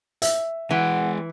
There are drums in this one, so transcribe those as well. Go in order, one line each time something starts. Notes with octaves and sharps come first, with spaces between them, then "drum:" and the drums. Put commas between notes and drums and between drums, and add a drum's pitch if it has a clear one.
E5, drum: hi-hat
E3 G#3 F#5 G5